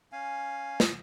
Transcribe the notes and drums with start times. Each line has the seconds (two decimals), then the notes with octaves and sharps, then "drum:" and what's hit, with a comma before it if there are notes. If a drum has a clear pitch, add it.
0.12 C#4 F5 G#5
0.80 drum: snare